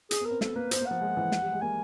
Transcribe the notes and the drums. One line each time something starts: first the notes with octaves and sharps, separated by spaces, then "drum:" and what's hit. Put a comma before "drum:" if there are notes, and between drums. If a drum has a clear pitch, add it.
G#4, drum: hi-hat
B3
A#4
C4
B3 A4, drum: snare
A#3 B4
B3 C5, drum: hi-hat
A#3
F3 F#5
G#3
E3
drum: snare
G3
G#3
A#3 G#5